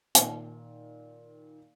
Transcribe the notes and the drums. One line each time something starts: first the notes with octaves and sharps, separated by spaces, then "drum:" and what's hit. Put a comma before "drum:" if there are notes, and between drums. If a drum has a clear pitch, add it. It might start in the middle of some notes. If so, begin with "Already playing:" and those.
A#2 D#3, drum: hi-hat